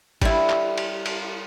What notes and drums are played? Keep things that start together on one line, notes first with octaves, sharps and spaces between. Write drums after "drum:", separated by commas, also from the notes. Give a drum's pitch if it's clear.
G3 E4, drum: kick, cymbal
drum: clap
drum: cymbal
drum: cymbal